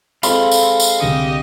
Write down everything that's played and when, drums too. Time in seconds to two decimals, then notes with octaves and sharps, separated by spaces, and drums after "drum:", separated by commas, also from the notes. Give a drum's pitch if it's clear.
0.23 G#3 C4 F4 A4 F5 B5 C6, drum: tambourine
0.51 drum: tambourine
0.80 drum: tambourine
1.00 C2 D3 G4 D#5 C#7